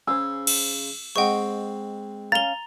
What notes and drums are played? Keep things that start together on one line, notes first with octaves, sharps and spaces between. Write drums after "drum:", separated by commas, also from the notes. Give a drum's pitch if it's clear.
C#3 C5 G#5 E6
drum: cymbal
G#3 C4 C5 D#5 F#5 G5 C#6
C#4 F5 A#5 A6 F7 G7